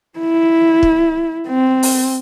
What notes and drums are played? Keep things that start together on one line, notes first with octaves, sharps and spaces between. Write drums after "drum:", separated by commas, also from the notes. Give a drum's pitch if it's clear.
E4
drum: kick
C4
drum: open hi-hat